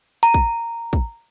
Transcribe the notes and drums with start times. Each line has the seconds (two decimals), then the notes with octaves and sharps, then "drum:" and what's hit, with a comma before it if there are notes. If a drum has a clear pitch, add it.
0.23 A#5
0.34 drum: kick
0.93 drum: kick